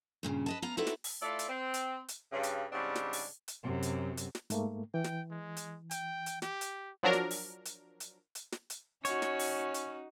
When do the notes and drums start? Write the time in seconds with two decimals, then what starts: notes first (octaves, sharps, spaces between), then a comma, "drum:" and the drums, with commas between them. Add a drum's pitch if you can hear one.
0.23 G2 A#2 C#3
0.46 B4 D#5 A5
0.62 B3 F5 A#5
0.77 C4 D#4 E4 F#4 A4 B4
0.87 drum: snare
1.04 drum: open hi-hat
1.21 A3 E4 F4 A4 D5
1.39 drum: hi-hat
1.48 C4
1.74 drum: hi-hat
2.08 drum: hi-hat
2.32 G2 C#3
2.43 drum: hi-hat
2.72 G#2 C#3 G3 C4 D4
2.95 drum: snare
3.13 drum: open hi-hat
3.48 drum: hi-hat
3.63 F#2 C3
3.82 drum: hi-hat
4.17 drum: hi-hat
4.35 drum: snare
4.50 G#2 A3 A#3, drum: hi-hat
4.94 E3 G5
5.04 drum: snare
5.31 G#3
5.57 drum: hi-hat
5.91 G5, drum: hi-hat
6.26 drum: hi-hat
6.42 G4, drum: snare
6.61 drum: hi-hat
7.03 F3 F#3 D4 A#4
7.13 drum: snare
7.31 drum: open hi-hat
7.65 drum: hi-hat
8.00 drum: hi-hat
8.35 drum: hi-hat
8.52 drum: snare
8.70 drum: hi-hat
9.05 C#4 D#4 F#4 C#5, drum: hi-hat
9.22 drum: snare
9.39 drum: open hi-hat
9.74 drum: hi-hat